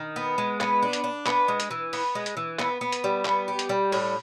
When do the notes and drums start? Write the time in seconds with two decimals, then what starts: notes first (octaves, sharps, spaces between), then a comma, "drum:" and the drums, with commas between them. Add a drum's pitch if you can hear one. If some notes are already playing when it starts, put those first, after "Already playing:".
Already playing: D#3
0.16 B3
0.38 G#3
0.61 B3, drum: clap
0.82 D4
0.93 drum: hi-hat
1.04 D4
1.26 B3, drum: clap
1.48 G#3
1.60 drum: hi-hat
1.71 E3
1.93 B3, drum: open hi-hat
2.15 G#3
2.26 drum: hi-hat
2.37 E3
2.59 B3, drum: clap
2.81 B3
2.92 drum: hi-hat
3.04 G3
3.25 B3, drum: clap
3.48 G4
3.59 drum: hi-hat
3.69 G3
3.92 A2, drum: open hi-hat